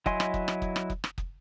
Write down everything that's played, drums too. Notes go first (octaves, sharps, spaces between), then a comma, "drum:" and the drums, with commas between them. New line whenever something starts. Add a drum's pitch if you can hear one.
F#3 E4 D#5 G#5 C6, drum: kick
drum: rim click
drum: kick
drum: rim click
drum: kick
drum: rim click
drum: kick
drum: rim click
drum: kick